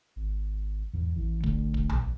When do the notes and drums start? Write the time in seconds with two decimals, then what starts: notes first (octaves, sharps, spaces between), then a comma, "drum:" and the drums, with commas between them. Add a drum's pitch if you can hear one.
0.16 G#1
0.94 E2 G#2
1.16 A1 E3
1.44 D3 A3, drum: kick
1.74 drum: kick
1.89 drum: tom B1